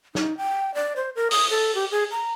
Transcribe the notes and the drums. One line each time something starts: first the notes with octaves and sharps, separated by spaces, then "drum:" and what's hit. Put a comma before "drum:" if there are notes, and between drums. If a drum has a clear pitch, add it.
D#4, drum: snare
G5
D5
C5
A#4
D#6, drum: open hi-hat
A4
G4
G#4
A#5